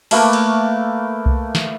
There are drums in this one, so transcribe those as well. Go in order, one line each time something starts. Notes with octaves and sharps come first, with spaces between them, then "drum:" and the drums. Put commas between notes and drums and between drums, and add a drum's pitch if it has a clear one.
A3 A#3 A#4 B4, drum: open hi-hat
drum: cymbal
drum: kick C2
drum: snare